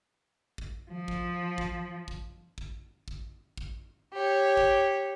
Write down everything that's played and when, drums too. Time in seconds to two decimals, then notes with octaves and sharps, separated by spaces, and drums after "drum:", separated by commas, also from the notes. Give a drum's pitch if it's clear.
0.58 drum: kick
0.91 F3
1.08 drum: kick
1.58 drum: kick
2.08 drum: kick
2.58 drum: kick
3.08 drum: kick
3.58 drum: kick
4.12 G4 C#5
4.57 drum: kick